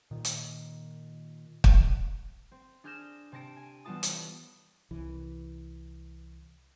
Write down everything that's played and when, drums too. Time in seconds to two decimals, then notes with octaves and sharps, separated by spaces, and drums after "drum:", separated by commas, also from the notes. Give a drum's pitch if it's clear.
0.11 A#2 D#3
0.25 drum: hi-hat
1.64 drum: kick
2.52 C4
2.84 D4 G#4 F6 G6 A#6 E7
3.32 C3 C4 A5 A#6 D7
3.56 G#5
3.85 E3 G3 B3 F4 A5 D#6
4.03 drum: hi-hat
4.91 C2 E3